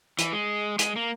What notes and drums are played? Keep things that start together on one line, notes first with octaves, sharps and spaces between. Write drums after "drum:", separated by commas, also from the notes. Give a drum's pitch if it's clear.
E3, drum: hi-hat
G#3
G#3, drum: hi-hat
A#3